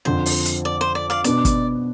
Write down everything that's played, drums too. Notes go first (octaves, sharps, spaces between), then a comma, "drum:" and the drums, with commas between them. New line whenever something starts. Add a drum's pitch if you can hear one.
F2 D3 F3 C5
drum: open hi-hat
drum: hi-hat
D5
C5
D5
D5 F5
B2 B3 D4 D5, drum: hi-hat
drum: kick, hi-hat